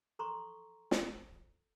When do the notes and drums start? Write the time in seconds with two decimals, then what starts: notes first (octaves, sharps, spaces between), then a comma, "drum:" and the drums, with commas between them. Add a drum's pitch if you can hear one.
0.19 A4 A#5 C6 C#6
0.91 drum: snare